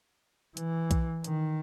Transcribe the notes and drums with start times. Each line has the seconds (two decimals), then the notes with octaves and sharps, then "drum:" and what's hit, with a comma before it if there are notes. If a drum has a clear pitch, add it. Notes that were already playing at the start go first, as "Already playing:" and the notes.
0.57 E3, drum: hi-hat
0.91 drum: kick B1, hi-hat
1.24 D#3, drum: hi-hat